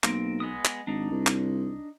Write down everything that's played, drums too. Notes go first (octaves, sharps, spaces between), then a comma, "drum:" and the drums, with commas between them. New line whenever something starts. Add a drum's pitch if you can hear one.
B1 A#3 C4, drum: clap
G#3 B3 D#6
drum: clap
G#1 D4 D#4
C2
drum: clap